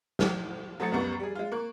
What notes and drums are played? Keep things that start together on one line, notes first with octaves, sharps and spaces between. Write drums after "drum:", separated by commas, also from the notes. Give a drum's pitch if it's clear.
drum: snare
F#3 A3 C5 D#6 A6 C#7
C#2 F#2 G3 B3 C#6 F#6
G3 G#4
G#3 F4
A#3 C#6 F#6